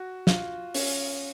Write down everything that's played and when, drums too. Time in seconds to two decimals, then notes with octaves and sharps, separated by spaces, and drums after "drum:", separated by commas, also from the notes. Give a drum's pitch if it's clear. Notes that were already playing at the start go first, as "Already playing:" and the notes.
Already playing: F#4
0.27 F4, drum: snare
0.74 C#4, drum: open hi-hat